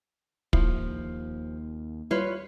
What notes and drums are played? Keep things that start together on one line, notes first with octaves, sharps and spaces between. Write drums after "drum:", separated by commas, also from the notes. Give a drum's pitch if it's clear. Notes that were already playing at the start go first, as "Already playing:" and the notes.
D#2 F3 E4, drum: kick
G3 E4 F4 B4 C#5